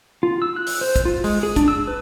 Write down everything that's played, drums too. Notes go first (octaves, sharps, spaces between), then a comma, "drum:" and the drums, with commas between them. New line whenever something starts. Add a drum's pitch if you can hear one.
F4
E6
F#6
drum: open hi-hat
C5
drum: kick, hi-hat
F4
G#3, drum: open hi-hat
G#4
D4, drum: kick, hi-hat
E6
B4